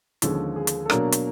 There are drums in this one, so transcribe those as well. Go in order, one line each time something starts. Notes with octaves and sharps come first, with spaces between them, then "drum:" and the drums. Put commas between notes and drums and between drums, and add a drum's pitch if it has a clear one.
D#2 D3 F3 G#3 C#4 A4, drum: hi-hat
G#4
drum: hi-hat
A4
B2 F#3 A#3 D4 A#4, drum: rim click
drum: hi-hat